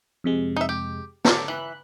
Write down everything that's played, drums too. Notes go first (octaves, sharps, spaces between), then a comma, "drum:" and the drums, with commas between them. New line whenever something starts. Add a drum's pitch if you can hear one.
F2 C3 G#3
D#4 E5
G4
A4 D5, drum: snare
E3 B5 F#6